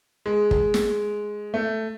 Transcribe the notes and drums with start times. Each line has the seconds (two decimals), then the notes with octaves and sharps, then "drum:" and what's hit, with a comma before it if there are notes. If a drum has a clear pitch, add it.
0.26 G#3
0.51 drum: kick
0.74 drum: snare
1.54 A3